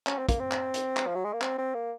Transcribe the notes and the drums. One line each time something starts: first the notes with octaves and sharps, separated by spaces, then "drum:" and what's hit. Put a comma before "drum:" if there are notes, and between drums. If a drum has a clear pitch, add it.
C#4, drum: clap
C4
A#3, drum: kick, hi-hat
C4
drum: clap
drum: hi-hat
drum: clap
F3
F#3
G#3
A#3
C4, drum: clap
C4
A#3